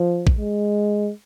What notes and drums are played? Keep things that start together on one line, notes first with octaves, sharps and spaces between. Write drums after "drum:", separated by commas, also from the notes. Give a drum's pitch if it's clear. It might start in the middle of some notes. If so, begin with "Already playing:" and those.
Already playing: F3
drum: kick A1
G#3